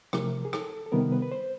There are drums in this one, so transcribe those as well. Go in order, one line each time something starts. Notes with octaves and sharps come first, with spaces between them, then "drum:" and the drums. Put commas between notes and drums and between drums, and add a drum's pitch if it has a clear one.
C3 F3 A3 A#4, drum: rim click
G#4
A4, drum: rim click
A4
C3 D#3 G3 B3 A#4
B4
B4
C5